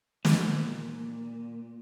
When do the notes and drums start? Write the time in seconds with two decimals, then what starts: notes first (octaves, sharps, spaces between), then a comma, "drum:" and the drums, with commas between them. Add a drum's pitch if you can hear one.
0.25 A#2, drum: snare